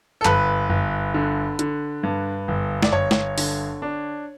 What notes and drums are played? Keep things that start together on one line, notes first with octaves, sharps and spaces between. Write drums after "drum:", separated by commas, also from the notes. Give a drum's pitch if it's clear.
A4
G1 B4, drum: clap
G1
D3
D3, drum: hi-hat
G2
G1
D5, drum: snare
G1 C#5
drum: snare
D3, drum: open hi-hat
D4